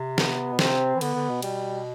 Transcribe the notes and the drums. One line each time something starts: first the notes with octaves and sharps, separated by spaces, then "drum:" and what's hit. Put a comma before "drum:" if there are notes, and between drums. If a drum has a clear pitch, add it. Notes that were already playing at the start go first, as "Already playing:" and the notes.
Already playing: C3
B3, drum: snare
B2
C3 C4, drum: snare
E3
D3 B3, drum: cymbal
D3
B2
B2 G3, drum: cymbal